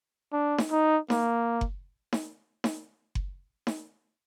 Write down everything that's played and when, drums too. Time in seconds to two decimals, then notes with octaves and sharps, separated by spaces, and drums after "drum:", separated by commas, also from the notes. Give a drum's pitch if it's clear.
0.33 D4
0.58 drum: snare D#4
0.71 D#4
1.10 A#3, drum: snare D#4
1.61 drum: kick F#1
2.13 drum: snare D#4
2.64 drum: snare D#4
3.15 drum: kick F#1
3.67 drum: snare D#4